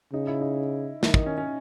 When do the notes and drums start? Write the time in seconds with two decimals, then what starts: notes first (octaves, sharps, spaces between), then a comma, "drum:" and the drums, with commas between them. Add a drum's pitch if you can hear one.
0.13 C#3 D#4
0.27 E4
0.41 D#4
1.03 D#3 E4, drum: snare
1.14 D#4, drum: kick
1.26 C#4
1.38 C#4